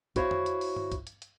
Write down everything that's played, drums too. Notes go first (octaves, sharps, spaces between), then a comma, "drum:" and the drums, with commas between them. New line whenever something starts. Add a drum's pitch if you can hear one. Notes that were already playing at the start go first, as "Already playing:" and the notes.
E4 F#4 C5 C#5 F5, drum: kick, hi-hat
drum: tom F2
drum: hi-hat
drum: open hi-hat
drum: tom G2
drum: kick, hi-hat
drum: hi-hat
drum: hi-hat